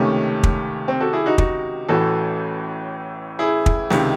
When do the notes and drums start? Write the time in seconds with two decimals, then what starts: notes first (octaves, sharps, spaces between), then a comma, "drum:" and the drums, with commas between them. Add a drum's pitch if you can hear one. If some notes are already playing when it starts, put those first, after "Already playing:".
Already playing: C#2 C3 D#3 A3 C#4
0.43 drum: kick
0.88 C4
1.00 F#4 A4
1.13 E4 G#4
1.26 D#4 F#4
1.38 D#4 F#4, drum: kick
1.89 A1 A2 E3 F#4 A4
3.39 E4 G#4
3.66 drum: kick
3.90 C#2 C3 D#3, drum: snare